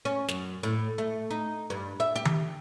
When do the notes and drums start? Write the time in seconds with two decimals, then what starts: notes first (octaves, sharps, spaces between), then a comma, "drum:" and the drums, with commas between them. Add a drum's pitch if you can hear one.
0.05 C#4
0.28 F#2, drum: snare
0.63 A2
0.98 A3
1.31 D#4
1.70 G2
2.00 E5
2.16 G4
2.25 drum: tom D#3